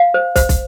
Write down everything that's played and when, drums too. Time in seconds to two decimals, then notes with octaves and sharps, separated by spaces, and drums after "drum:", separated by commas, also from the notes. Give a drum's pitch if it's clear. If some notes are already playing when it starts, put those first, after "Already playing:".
Already playing: F5
0.14 C5
0.36 C5, drum: kick, hi-hat
0.49 drum: kick, hi-hat